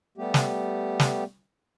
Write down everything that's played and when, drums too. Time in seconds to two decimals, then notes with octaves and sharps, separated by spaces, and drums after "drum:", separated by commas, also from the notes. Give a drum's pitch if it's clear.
0.18 G3 A3 B3 G4
0.34 drum: snare
1.00 drum: snare